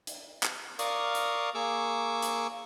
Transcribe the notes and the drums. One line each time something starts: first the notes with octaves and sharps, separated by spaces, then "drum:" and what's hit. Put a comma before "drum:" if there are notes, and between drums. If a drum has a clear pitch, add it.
drum: hi-hat
drum: clap
A#4 D5 F5 C#6 D#6, drum: hi-hat
drum: hi-hat
A#3 G#4 C#6 D6 E6
drum: hi-hat